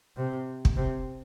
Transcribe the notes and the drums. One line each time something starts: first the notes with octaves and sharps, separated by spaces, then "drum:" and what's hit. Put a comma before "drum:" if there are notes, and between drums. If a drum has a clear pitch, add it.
C3
drum: kick
C3